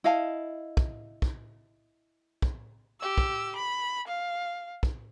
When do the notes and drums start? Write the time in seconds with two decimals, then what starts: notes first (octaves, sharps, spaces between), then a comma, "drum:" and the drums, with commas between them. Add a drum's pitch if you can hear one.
0.04 E4 D#5 F5 A5
0.77 drum: kick
1.22 drum: kick
2.42 drum: kick
3.00 G4 E6
3.18 drum: kick
3.56 B5
4.08 F5
4.83 drum: kick